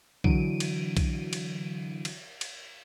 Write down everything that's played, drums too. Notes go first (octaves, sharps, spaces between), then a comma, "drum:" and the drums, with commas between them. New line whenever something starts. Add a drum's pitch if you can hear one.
D3 E3 F#3 D7 D#7, drum: kick
drum: cymbal
drum: kick, cymbal
drum: cymbal
drum: cymbal
drum: cymbal